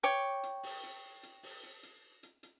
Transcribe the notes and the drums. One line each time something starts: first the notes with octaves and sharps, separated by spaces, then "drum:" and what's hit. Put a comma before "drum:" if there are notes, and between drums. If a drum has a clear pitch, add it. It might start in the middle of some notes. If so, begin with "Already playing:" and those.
C#5 G5 D6, drum: hi-hat
drum: hi-hat
drum: open hi-hat
drum: hi-hat
drum: hi-hat
drum: open hi-hat
drum: hi-hat
drum: hi-hat
drum: hi-hat
drum: hi-hat